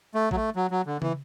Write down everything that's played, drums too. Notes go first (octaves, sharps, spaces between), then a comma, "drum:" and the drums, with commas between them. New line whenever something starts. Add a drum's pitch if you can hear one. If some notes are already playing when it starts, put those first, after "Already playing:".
A3
F#3, drum: kick A1
A3
F#3
F#3
D3
E3, drum: tom